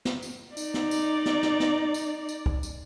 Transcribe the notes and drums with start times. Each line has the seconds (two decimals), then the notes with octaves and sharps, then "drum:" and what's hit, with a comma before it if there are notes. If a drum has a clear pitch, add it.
0.05 drum: snare
0.22 drum: tambourine
0.57 D#4 D5, drum: tambourine
0.74 drum: snare
0.91 drum: tambourine
1.26 drum: snare
1.43 drum: snare
1.60 drum: snare
1.94 drum: tambourine
2.29 drum: tambourine
2.46 drum: kick
2.63 drum: tambourine